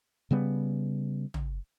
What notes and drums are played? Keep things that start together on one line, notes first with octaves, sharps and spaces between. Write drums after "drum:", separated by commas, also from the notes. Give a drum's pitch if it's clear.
C#3 G3 B3
drum: tom